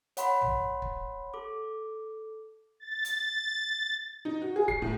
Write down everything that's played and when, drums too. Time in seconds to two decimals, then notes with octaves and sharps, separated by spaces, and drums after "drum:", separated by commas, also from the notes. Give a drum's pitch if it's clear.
0.17 C#5 F#5 B5 C6, drum: hi-hat
0.41 drum: tom B1
0.82 drum: kick
1.34 A4 D6
2.80 A6
3.05 drum: hi-hat
4.25 D#4
4.42 F#4
4.56 G#4
4.68 C7, drum: kick
4.82 A2